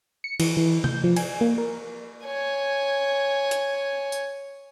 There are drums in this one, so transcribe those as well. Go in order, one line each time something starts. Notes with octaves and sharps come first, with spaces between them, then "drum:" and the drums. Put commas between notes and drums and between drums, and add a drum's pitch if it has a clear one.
C#7
E3, drum: cymbal
E3
G6, drum: tom C3
F3
G#5, drum: cymbal
A#3
A#4
C#5 G#5
drum: hi-hat
drum: tambourine